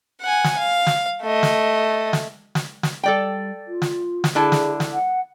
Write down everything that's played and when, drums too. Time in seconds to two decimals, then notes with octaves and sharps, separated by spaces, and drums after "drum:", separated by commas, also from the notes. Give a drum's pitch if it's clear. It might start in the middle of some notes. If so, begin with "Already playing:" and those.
0.21 F#5 G#5
0.44 drum: snare
0.58 F5
0.87 drum: snare
1.23 A3 D#5
1.43 drum: snare
2.13 drum: snare
2.55 drum: snare
2.83 drum: snare
3.03 G3 A4 D5 G5
3.68 F4
3.82 drum: snare
4.24 drum: snare
4.35 D3 E4 G#4 A5
4.52 drum: snare
4.80 drum: snare
4.93 F#5